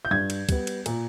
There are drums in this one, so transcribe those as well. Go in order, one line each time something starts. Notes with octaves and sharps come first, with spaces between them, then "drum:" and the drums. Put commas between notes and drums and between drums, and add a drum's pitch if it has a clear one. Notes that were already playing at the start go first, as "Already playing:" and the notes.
G6
G2 G#6
drum: cymbal
G3 B3, drum: kick, cymbal
drum: cymbal
A#2, drum: cymbal